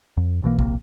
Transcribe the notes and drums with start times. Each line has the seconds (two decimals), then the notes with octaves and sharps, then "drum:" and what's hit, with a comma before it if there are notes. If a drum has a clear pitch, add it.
0.17 F2
0.42 B1 B2 E3 A#3
0.59 D1 A#1 C3 A#3, drum: kick